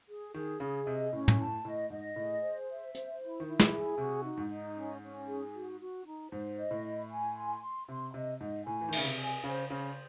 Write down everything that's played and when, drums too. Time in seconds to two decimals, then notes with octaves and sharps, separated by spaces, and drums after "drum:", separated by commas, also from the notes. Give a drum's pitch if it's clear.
0.08 G#4
0.34 D#3 G#4
0.60 C#3 G#4
0.86 C3 D#5
1.13 A2 C#4
1.28 drum: tom
1.38 A2 A5
1.64 A2 D#5
1.90 G#2 D#5
2.16 A2 G#4
2.42 C5
2.69 E5
2.95 C5, drum: hi-hat
3.21 E4
3.40 D#3
3.46 E4
3.59 E3, drum: snare
3.72 G#4
3.98 C3 F#4
4.24 D#4
4.37 G#2
4.50 D#4
4.76 C#4
5.02 C#4
5.28 G#4
5.55 F#4
5.81 F#4
6.06 D#4
6.32 G#2 C5
6.57 D#5
6.71 A2
6.84 E4
7.10 G#5
7.36 C6
7.62 C6
7.88 C3 C6
8.14 C3 D#5
8.40 G#2 D#5
8.66 A2 G#5
8.81 E3
8.89 D#3
8.92 C#3 E5, drum: cymbal
9.04 C3
9.18 G#5
9.44 C#3 C5
9.70 C#3 C5